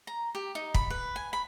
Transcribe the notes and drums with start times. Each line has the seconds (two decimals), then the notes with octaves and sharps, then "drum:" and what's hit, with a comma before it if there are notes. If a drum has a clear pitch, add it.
0.07 A#5
0.35 G4
0.55 D#4
0.74 B5, drum: kick
0.90 B4
1.16 G#5
1.33 B5